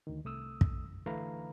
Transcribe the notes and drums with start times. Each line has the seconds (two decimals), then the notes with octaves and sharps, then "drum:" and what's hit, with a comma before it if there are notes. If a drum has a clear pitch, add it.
0.07 D2 D#3
0.25 C2 A3 D#6 E6
0.61 drum: kick
1.06 D3 E3 A3 B4 F5 A#5